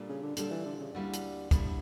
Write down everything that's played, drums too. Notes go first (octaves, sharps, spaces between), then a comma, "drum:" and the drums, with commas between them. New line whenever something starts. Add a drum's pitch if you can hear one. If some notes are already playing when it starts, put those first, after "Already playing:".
Already playing: A#2 G3 D4 A4
C#3
D3
A#2 D3 G3 D4 A4, drum: hi-hat
E3
D3
C#3
D2 D3 G3 A#3 E4
drum: hi-hat
D2 D3 G3 A#3 E4, drum: kick, hi-hat